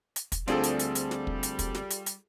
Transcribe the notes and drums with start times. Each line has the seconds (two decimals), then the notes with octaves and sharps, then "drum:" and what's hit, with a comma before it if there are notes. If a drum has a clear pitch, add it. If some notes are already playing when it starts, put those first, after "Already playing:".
0.16 drum: hi-hat
0.32 drum: kick, hi-hat
0.48 D2 F3 G3 C4 D4 F4 G#4 A4, drum: snare
0.63 drum: hi-hat
0.79 drum: hi-hat
0.95 drum: hi-hat
1.11 drum: snare
1.27 drum: kick
1.43 drum: hi-hat
1.59 drum: kick, hi-hat
1.75 drum: snare
1.90 drum: hi-hat
2.06 drum: hi-hat